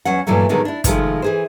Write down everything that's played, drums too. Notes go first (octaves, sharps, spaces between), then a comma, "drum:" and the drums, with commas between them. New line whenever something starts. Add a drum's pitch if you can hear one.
E2 F#3 C#4 F#5
G2 A#2 E3 F#3 G3 A3
A2 D3 D#3 F#3 G#3 B3
D4 E4
C3 D#3 F3 G#3 A3, drum: kick, hi-hat
E3 G#4 C5